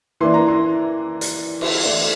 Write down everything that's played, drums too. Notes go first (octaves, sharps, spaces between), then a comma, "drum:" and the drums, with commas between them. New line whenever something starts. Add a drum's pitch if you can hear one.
E3 A#3 D4 C6
A#5
C6
drum: hi-hat
drum: cymbal
E3 A3 D4